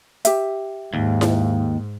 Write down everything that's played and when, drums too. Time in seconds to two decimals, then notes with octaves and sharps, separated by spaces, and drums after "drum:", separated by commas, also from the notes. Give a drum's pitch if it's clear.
0.25 G4 E5, drum: hi-hat
0.94 D#2 G#2
1.21 drum: snare E4